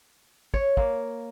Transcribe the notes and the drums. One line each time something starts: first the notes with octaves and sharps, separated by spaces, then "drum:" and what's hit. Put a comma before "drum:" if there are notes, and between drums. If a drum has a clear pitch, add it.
C#5, drum: kick
A#3, drum: kick